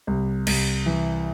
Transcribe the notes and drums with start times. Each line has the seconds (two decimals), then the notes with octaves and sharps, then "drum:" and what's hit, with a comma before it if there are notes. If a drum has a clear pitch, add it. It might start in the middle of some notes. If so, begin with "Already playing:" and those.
0.07 C2
0.47 C2, drum: cymbal
0.86 E3